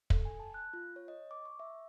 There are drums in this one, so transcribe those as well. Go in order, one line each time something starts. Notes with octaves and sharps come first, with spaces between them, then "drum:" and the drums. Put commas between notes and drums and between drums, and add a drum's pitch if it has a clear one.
A4, drum: kick
G#5
A5
F#6
F4
C#5
D#5
D6
C#6
E5